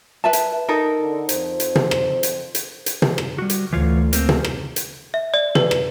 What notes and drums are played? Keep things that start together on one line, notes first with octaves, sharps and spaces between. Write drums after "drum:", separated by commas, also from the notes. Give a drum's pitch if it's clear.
B4 E5 A5
drum: hi-hat
D#4 A4 A#4
D3
F2 C5, drum: hi-hat
drum: hi-hat
drum: tom
drum: rim click
drum: hi-hat
drum: hi-hat
drum: hi-hat
drum: tom
drum: rim click
G3 F#4
drum: hi-hat
D2 E3 F4 C#5
A#3 C4, drum: hi-hat
drum: tom
drum: rim click
drum: hi-hat
E5
D5
B4, drum: tom
drum: rim click